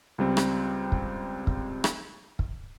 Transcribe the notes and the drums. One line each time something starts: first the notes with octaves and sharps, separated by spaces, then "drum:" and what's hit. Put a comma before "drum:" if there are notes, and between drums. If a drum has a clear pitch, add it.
C#2 G3 C4
drum: rim click
drum: kick
drum: kick
drum: rim click
drum: kick